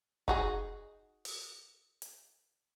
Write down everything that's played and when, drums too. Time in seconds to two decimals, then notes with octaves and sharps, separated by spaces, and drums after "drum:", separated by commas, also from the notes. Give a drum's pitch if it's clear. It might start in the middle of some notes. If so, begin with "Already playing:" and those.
0.28 D#4 F#4 G#4, drum: kick F1
1.25 drum: open hi-hat
2.02 drum: hi-hat